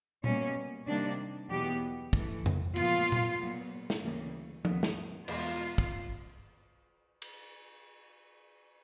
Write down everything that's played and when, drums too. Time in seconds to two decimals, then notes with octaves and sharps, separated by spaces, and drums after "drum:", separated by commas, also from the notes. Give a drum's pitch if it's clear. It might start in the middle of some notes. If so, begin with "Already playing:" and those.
0.24 B2 G3 A#3 C#4, drum: tom A#2
0.87 C3 D#3 G3 A#3 D4
1.50 E2 B2 F#3 B3 G4
2.13 G2 E3 A3, drum: kick
2.46 drum: tom F2
2.76 A#2 F3 G#3 B3 F4, drum: cymbal
3.12 drum: tom A#2
3.39 A#2 F#3 B3
3.90 drum: snare
4.02 D2 C#3 E3 G3 A#3
4.65 D#2 D#3 F#3 B3, drum: tom F3
4.83 drum: snare
5.28 E2 B2 G#3 B3 F4, drum: cymbal
5.78 drum: kick
7.22 drum: cymbal